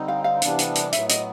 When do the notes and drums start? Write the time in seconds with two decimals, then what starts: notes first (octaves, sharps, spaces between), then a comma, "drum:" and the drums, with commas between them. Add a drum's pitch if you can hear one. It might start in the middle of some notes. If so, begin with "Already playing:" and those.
Already playing: D3 G3 C4 D#4
0.08 F5
0.24 F5
0.42 C3 E3 G3 B3 D4, drum: hi-hat
0.59 drum: hi-hat
0.75 drum: hi-hat
0.93 A2 F#3 B3 E5, drum: hi-hat
1.09 D#5, drum: hi-hat